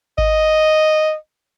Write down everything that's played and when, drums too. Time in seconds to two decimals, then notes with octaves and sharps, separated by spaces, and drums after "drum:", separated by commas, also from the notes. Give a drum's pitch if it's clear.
0.18 D#5, drum: kick G#1